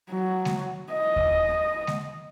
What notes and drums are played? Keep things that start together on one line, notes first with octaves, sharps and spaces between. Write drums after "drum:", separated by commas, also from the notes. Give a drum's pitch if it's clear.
F#3
drum: snare G#3
D#5
drum: kick D#2
drum: snare G#3